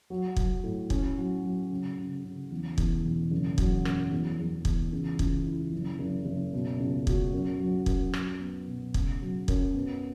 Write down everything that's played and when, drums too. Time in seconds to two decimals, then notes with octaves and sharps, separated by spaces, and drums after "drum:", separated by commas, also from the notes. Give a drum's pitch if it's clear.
0.10 F#3
0.37 F#3, drum: kick
0.63 A2
0.90 C#4, drum: kick
1.17 F#3
1.44 F#3
1.71 C#3
1.98 C#3
2.24 C#3
2.51 E2
2.78 E2, drum: kick
3.05 E1
3.31 F#1
3.58 F#3, drum: kick
3.85 F#2, drum: rim click
4.11 E2
4.39 E2
4.65 E2, drum: kick
4.92 C#2
5.19 C#2, drum: kick
5.46 E4
5.73 F#1
5.99 F#1
6.26 F#1
6.53 B2
6.80 C#2
7.07 F#4, drum: kick
7.33 F#2
7.60 F#3
7.86 F#2, drum: kick
8.13 F#3, drum: rim click
8.40 B3
8.68 B2
8.94 C#3, drum: kick
9.21 F#3
9.48 F#2, drum: kick
9.74 B3